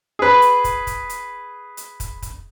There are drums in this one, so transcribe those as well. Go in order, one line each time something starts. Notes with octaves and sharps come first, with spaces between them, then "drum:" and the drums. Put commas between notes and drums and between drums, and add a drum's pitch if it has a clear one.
G#4 B4
drum: hi-hat
drum: kick, hi-hat
drum: kick, hi-hat
drum: hi-hat
drum: hi-hat
drum: kick, hi-hat
drum: kick, hi-hat